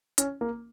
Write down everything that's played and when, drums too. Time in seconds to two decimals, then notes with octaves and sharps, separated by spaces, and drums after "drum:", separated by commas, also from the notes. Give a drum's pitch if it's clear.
0.18 C#4, drum: hi-hat
0.41 A#3